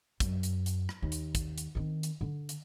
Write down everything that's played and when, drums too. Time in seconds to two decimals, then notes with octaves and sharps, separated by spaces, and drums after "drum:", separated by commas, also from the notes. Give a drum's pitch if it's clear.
0.20 F#2, drum: kick, hi-hat
0.43 drum: hi-hat
0.66 drum: hi-hat
0.89 drum: rim click
1.02 D#2
1.12 drum: hi-hat
1.35 drum: kick, hi-hat
1.58 drum: hi-hat
1.75 D#3 C4
2.03 drum: hi-hat
2.21 D3
2.49 drum: hi-hat